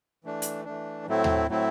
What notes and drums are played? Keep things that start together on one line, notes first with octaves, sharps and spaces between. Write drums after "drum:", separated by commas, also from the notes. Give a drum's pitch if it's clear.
E3 A3 D4
drum: hi-hat
E3 A3 D4
A2 F#3 A3 C4 E4
drum: tom D#2
A2 F#3 A3 C4 E4